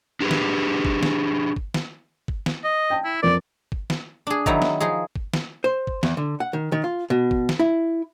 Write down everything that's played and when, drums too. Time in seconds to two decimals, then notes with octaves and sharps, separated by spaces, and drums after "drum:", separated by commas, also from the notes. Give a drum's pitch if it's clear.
0.20 D4 G4 G#4 B4
0.31 drum: snare
0.85 drum: kick
1.03 drum: snare
1.56 drum: kick
1.74 drum: snare
2.28 drum: kick
2.46 drum: snare
2.64 D#5
2.90 G5 A5
3.05 E4
3.23 F2 A#4 D5
3.72 drum: kick
3.90 drum: snare
4.27 D4 G#4
4.46 D#3 F#3 D#4 E4, drum: kick
4.62 drum: snare
4.80 F3 D#4 G#4
5.16 drum: kick
5.33 drum: snare
5.64 C5
5.87 drum: kick
6.03 E2, drum: snare
6.17 D3
6.40 F#5
6.53 D#3
6.72 D#3
6.84 F4
7.10 B2
7.31 drum: kick
7.49 drum: snare
7.59 E4